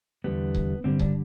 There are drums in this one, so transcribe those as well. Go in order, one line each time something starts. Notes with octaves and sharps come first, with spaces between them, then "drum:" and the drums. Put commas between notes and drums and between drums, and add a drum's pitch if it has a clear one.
E2 D3 G3 B3
drum: kick C#1
G2 D3 G3 C4
D4, drum: kick C#1